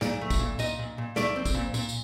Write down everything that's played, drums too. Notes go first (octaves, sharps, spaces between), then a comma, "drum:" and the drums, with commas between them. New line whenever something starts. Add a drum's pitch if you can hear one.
A#2 D5, drum: snare
A3
drum: kick, tambourine
A#2
A#2 D#5, drum: tambourine
A#2
A#2
A3 D5, drum: snare
C4
drum: kick, tambourine
A#2
A#2, drum: tambourine
drum: tambourine